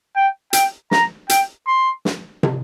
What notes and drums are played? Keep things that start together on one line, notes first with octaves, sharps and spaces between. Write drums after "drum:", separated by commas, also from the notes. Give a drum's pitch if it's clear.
G5
G5, drum: hi-hat
A#5, drum: snare
G5, drum: hi-hat
C6
drum: snare
drum: tom